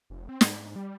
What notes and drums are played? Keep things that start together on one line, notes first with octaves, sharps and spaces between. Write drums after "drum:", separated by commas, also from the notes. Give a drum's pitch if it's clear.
F1
C4
G#2, drum: snare
G3